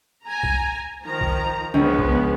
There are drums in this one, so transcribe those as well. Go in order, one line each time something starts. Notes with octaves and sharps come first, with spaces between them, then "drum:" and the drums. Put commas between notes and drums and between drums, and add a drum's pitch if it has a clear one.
G#5 A#5
drum: kick B1
D#3 F3 A#5
drum: kick B1
C#2 F3 G#3 B3 D4
drum: kick B1